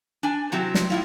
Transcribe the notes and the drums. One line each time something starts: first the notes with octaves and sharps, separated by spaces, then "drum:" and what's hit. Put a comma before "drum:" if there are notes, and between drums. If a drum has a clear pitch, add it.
D4 G#5
C3 F#3 C4 E4 G4
drum: snare
A2 E4 F4